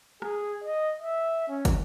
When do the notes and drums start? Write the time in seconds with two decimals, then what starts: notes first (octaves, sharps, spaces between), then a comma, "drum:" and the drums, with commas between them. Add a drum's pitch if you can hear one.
0.22 G#4, drum: rim click
0.64 D#5
1.01 E5
1.48 C#4
1.65 drum: kick, hi-hat